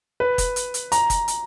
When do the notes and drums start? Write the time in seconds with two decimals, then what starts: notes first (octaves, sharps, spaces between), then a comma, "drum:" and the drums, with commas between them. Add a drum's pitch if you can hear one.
0.20 B4
0.38 drum: kick F#1, hi-hat
0.56 drum: hi-hat
0.74 drum: hi-hat
0.92 A#5, drum: hi-hat
1.10 drum: kick F#1, hi-hat
1.28 drum: hi-hat